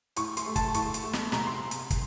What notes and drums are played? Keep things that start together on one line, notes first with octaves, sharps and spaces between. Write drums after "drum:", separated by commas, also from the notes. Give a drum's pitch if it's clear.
A2 C#6, drum: hi-hat
C6, drum: hi-hat
A3
A5, drum: kick, hi-hat
A2 C#6, drum: hi-hat
drum: hi-hat
A3
drum: snare
C3 A#5, drum: snare
C6
drum: hi-hat
drum: kick, hi-hat